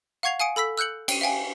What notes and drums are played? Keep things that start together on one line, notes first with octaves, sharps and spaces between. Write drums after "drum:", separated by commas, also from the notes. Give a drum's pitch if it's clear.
F5 F#5 C#6 G#6 C7 F7
F5 G#5 D#6 C#7 D7
A4 B5 E6 B6
E6 F#6 G6 C#7 F#7
G5 D#7, drum: cymbal
E5 F5 G5 G#5